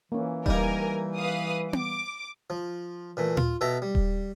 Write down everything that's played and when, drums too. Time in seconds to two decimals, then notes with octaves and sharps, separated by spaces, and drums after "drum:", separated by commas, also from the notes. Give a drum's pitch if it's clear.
0.12 E3 A#3 C#4
0.46 G3 A#3 D#4 A#4 D5 G#5, drum: kick D#1
1.16 B4 F5 D#6
1.73 D6, drum: tom B3
2.50 F3
3.17 A#2 E3 A3
3.37 F4, drum: tom A#2
3.61 B2 A4 E5 G5 A#5
3.82 G3
3.95 drum: kick D#1